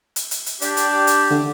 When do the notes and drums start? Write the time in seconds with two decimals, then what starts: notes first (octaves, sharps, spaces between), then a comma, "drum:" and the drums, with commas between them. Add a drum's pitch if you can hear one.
0.16 drum: hi-hat
0.31 drum: hi-hat
0.46 drum: hi-hat
0.61 D4 G4, drum: hi-hat
0.77 drum: hi-hat
1.07 drum: hi-hat
1.31 D3